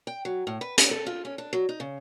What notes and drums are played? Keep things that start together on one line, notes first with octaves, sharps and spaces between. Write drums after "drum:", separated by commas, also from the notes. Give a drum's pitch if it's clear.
G5
F#3
A2
B4
G4, drum: hi-hat
A4
F4
C#4
D4
F#3
D#4
C#3